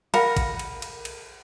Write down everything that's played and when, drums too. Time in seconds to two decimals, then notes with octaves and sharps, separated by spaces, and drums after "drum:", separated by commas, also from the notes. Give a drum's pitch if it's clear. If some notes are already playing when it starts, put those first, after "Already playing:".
0.14 A#4 F5 F#5 B5, drum: cymbal
0.37 drum: kick, cymbal
0.59 drum: cymbal
0.82 drum: cymbal
1.05 drum: cymbal